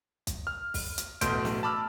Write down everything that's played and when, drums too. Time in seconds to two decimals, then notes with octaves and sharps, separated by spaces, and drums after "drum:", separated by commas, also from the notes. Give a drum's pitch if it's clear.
0.27 drum: kick, hi-hat
0.47 F6
0.74 drum: kick, open hi-hat
0.98 drum: hi-hat
1.21 A1 B2 A3 C6 G6 D7, drum: kick, hi-hat
1.45 drum: snare
1.63 A5 B5 D6 E6 F6